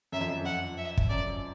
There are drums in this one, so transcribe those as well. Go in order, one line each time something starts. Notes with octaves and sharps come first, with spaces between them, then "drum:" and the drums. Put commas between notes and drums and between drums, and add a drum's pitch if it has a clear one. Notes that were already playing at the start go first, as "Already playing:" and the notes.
F#2 E5
F2
F#2
F2 F#5
E5
drum: kick
F#2 D5